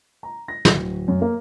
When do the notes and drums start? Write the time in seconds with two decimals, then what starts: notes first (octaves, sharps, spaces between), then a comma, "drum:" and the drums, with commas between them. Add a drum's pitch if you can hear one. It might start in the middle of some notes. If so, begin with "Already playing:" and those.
0.23 A#5
0.48 A#6
0.65 D1, drum: snare
1.08 F#2
1.22 A#3